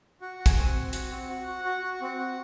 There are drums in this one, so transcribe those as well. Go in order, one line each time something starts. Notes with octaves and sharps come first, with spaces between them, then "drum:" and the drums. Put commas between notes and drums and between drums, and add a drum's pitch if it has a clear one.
F#4 F#5
F#4
G#5, drum: kick, hi-hat
C4
F#5
C4
F#4 F#5, drum: hi-hat
C4
F#4
F#4
F#4
F#4
C4
F#4